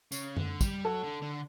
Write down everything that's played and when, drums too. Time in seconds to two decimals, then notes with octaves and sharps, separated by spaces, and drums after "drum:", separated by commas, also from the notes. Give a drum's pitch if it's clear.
0.12 C#3, drum: tambourine
0.37 D3, drum: tom F#2
0.61 G3, drum: kick, tambourine
0.85 F#3 A4
1.03 D3
1.22 D3